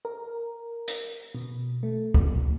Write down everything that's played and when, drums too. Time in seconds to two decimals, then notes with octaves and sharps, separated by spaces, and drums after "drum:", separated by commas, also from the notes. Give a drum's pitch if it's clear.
0.05 A#4
0.88 drum: hi-hat
1.35 B2
1.83 A3
2.14 drum: kick C#2